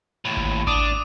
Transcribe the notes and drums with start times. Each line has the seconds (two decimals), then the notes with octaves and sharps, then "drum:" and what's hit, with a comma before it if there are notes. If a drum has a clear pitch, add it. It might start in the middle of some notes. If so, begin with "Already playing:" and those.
0.25 D#2 A2
0.37 drum: kick G#1
0.67 D4 D6 D#6 D#7, drum: kick G#1